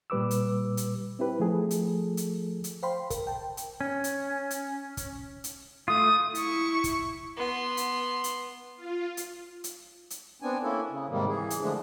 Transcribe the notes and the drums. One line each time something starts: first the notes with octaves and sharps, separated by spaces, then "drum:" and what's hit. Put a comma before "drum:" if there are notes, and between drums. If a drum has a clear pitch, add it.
A#2 G3 B4 D6 E6
drum: hi-hat
drum: hi-hat
C4 E4 G4 B4
F3 A3 G#4 A4
drum: hi-hat
drum: hi-hat
drum: hi-hat
C5 F5 G5 B5 C6
A#4, drum: kick, hi-hat
G5 A5
drum: hi-hat
C#4
drum: hi-hat
drum: hi-hat
drum: kick, hi-hat
drum: hi-hat
A3 F4 D#6
E4 C#6, drum: hi-hat
drum: kick, hi-hat
B3 C6
drum: hi-hat
drum: hi-hat
F4
drum: hi-hat
drum: hi-hat
drum: hi-hat
B3 C4 D4 G#5
A#3 C#4 E4 A4
C#3
G#2 C3 D#3 G3 A#3
E3 G#4
drum: hi-hat
D3 F3 G#3 A3 D4